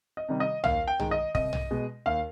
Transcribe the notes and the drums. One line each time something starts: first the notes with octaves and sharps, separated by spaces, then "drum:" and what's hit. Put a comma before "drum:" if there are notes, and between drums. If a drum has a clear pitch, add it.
D#5
C3 D#3 G3
D#5
D#2 F5, drum: tom B1
G5
D#3 G#3, drum: tom B1
D#5
C2 D#5, drum: kick
drum: tom B1
B2 G#3
D#2 F5